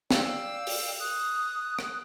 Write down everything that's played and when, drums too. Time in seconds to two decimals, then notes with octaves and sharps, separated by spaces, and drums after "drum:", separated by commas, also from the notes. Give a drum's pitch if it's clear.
0.11 D5 F5 G5 E6, drum: snare
0.67 drum: open hi-hat
1.00 D#6 F#6
1.79 drum: rim click